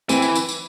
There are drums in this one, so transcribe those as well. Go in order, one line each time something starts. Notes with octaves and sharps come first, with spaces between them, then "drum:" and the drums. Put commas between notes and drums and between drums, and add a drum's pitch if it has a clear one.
E3 C4, drum: tambourine
drum: tambourine
drum: tambourine
drum: tambourine